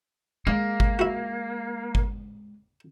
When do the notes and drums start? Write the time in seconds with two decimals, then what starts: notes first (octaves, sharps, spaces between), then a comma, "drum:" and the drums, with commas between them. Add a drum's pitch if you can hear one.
0.47 G#3 A#3
0.80 drum: kick G1
0.99 E4 F#4
1.95 drum: kick G1